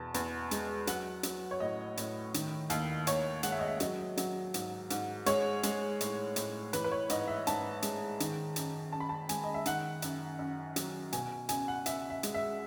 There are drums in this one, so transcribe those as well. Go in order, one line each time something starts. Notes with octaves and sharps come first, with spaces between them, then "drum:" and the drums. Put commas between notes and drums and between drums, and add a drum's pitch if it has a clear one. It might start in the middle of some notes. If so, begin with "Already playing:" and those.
Already playing: E2 B2 A5
E2, drum: hi-hat
G#3, drum: hi-hat
F#3 F#5, drum: hi-hat
F#3, drum: hi-hat
C#5
A2 D#5
A2, drum: hi-hat
D#3, drum: hi-hat
D#2, drum: hi-hat
D#2 C#5, drum: hi-hat
G#3 F#5, drum: hi-hat
E5
D#5
E5
F#3 D#5, drum: hi-hat
F#3, drum: hi-hat
G#2, drum: hi-hat
G#2, drum: hi-hat
G#3 C#5, drum: hi-hat
G#3, drum: hi-hat
A2, drum: hi-hat
A2, drum: hi-hat
E3 B4, drum: hi-hat
B4
C#5
G#2 D#5, drum: hi-hat
E5
G#2 A5, drum: hi-hat
G#3, drum: hi-hat
D#3, drum: hi-hat
F#2, drum: hi-hat
F#2 A5
B5
A5
G#3 G#5, drum: hi-hat
D#5
E5
D#3 F#5, drum: hi-hat
F#2, drum: hi-hat
F#2
F#3, drum: hi-hat
B2 G#5, drum: hi-hat
C#2 G#5, drum: hi-hat
F#5
C#2 E5, drum: hi-hat
E5
G#3, drum: hi-hat
E5